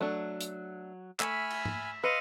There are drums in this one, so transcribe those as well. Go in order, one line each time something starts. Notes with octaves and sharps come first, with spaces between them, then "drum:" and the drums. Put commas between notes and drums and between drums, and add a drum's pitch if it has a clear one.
F#3 A3 D4
drum: hi-hat
A3 E5 G#5 B5 C#6 F6 B6 E7, drum: clap
drum: cymbal
drum: tom G#2
B4 D#5 F5 C6 E6 C#7 D#7